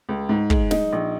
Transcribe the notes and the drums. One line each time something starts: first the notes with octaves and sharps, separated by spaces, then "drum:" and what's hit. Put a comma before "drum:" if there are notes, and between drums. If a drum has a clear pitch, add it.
C#2
G#2
G#3, drum: kick
D#4, drum: snare
A#1